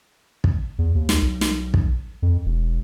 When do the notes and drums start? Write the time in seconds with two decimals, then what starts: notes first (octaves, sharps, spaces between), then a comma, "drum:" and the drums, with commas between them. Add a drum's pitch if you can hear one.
0.44 drum: kick
0.78 E2
0.95 D#2
1.09 drum: snare
1.22 B1
1.41 drum: snare
1.74 drum: kick
2.22 F2
2.46 E1